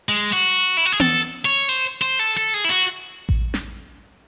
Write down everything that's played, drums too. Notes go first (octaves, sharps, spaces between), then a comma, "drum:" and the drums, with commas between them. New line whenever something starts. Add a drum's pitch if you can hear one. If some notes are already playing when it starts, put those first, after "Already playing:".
G#3
F#4
E4
F#4
G#4
A4, drum: tom B3
C#5
C5
C5
A4
A4
G#4
E4
F#4
drum: kick A1
drum: snare